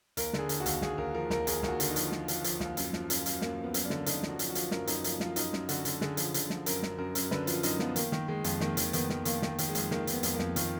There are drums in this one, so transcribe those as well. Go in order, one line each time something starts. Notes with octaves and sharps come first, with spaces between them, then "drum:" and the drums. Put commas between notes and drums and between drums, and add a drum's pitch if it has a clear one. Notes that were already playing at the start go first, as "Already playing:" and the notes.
D#2 A#4, drum: hi-hat
D3, drum: snare
G#4
D3, drum: hi-hat
F#4
D#2, drum: hi-hat
D#2 G#4, drum: snare
D#2 A#4
F3 A#4
D#2 A#4, drum: snare
D#2 G#4, drum: hi-hat
D#2, drum: snare
F#4
D3, drum: hi-hat
D#4
F3, drum: hi-hat
F3, drum: snare
F3, drum: hi-hat
F3, drum: hi-hat
D#2, drum: snare
F#2, drum: hi-hat
F3, drum: snare
F#2, drum: hi-hat
F#2, drum: hi-hat
F#2 A#3, drum: snare
F3
B3
F#2, drum: hi-hat
D4
D3, drum: snare
D3 D#4, drum: hi-hat
F3, drum: snare
F#4
F3, drum: hi-hat
F#4
F3, drum: hi-hat
F#2 A#4, drum: snare
F#2 D#4, drum: hi-hat
F3, drum: hi-hat
F3 F4, drum: snare
F#2 D#4, drum: hi-hat
F#2, drum: snare
D3 F#4, drum: hi-hat
D3, drum: hi-hat
D3 G#4, drum: snare
F3, drum: hi-hat
D3, drum: hi-hat
F3, drum: snare
F#2 A#4, drum: hi-hat
F#2, drum: snare
F#2 A#4
F#2, drum: hi-hat
D3 B4, drum: snare
F3 F4, drum: hi-hat
F#2 D#4, drum: hi-hat
F3 B3, drum: snare
D#3 A#3, drum: hi-hat
D#3, drum: snare
D#3 G#3
F2, drum: hi-hat
D#3 A#3, drum: snare
D#3, drum: hi-hat
D#3 B3, drum: hi-hat
D#3, drum: snare
D#3 A#3, drum: hi-hat
D#3, drum: snare
A#3
D#3, drum: hi-hat
G#3
F2, drum: hi-hat
D#3 A#3, drum: snare
D#3 B3, drum: hi-hat
F2, drum: hi-hat
A#3
F2, drum: snare
D#3 F4, drum: hi-hat